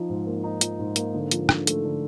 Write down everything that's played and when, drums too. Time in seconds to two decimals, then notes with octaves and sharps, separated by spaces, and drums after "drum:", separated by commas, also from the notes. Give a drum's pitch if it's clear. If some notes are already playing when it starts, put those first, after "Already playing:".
Already playing: F3 D#4
0.09 G#2
0.26 A#3
0.44 D#4
0.61 F3, drum: hi-hat
0.79 G#2
0.96 A#3, drum: hi-hat
1.14 D3
1.31 F3, drum: hi-hat
1.49 D3, drum: rim click
1.67 A3, drum: hi-hat
1.84 D3